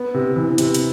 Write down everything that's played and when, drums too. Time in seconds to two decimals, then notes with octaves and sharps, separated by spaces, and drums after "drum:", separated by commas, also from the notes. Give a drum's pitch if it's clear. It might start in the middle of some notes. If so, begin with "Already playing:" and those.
Already playing: B3
0.14 C3
0.36 E3
0.58 C3, drum: hi-hat
0.74 drum: hi-hat